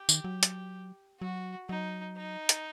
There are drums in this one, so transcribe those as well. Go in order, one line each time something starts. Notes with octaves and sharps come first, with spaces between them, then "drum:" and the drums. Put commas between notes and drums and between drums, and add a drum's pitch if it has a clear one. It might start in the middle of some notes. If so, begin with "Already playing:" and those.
Already playing: G4
D#3, drum: tambourine
F#3
drum: hi-hat
F#3 F#4
F#3 D#4
D#4
drum: hi-hat